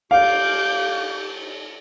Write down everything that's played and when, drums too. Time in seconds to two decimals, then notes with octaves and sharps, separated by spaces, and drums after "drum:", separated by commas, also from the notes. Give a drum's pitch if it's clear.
0.11 G4 F5 D6 G6, drum: cymbal